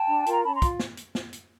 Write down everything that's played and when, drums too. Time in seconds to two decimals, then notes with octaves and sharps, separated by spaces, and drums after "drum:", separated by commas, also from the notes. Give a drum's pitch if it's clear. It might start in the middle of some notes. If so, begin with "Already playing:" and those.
Already playing: G5 A5
0.08 D4
0.26 F4 A#4, drum: hi-hat
0.32 A#5
0.44 C#4 A5 B5
0.55 A#5 C6
0.62 F4, drum: kick, hi-hat
0.79 drum: snare
0.97 drum: hi-hat
1.15 drum: snare
1.33 drum: hi-hat